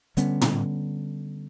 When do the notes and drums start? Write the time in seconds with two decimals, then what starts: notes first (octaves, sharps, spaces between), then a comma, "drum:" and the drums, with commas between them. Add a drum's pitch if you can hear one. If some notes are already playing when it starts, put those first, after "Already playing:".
0.17 D3 G3 B3 C#4, drum: hi-hat
0.41 drum: tom